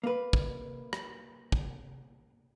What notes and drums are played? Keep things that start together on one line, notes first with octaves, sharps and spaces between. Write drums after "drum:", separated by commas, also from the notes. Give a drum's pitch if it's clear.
A#3 B4
drum: kick
drum: rim click
drum: kick